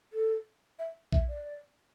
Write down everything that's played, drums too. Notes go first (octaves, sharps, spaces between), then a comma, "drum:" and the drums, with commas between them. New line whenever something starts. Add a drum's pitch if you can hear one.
A4
E5
E5, drum: kick A#1
D5